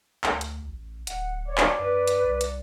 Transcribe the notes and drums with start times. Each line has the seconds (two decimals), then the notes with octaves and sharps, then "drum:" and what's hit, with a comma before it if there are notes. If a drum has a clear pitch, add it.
0.24 D2, drum: clap
0.41 drum: hi-hat
0.69 A1
1.07 D1 F#5, drum: hi-hat
1.47 C#5 D5
1.58 drum: clap
1.79 F#2 B4
2.07 drum: hi-hat
2.24 C2
2.41 drum: hi-hat